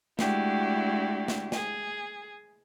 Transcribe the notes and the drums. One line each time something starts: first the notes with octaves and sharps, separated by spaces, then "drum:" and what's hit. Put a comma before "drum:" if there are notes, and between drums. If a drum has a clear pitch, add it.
G#3 A3 D4 E4 F#4 G4, drum: snare
drum: snare
G#4, drum: snare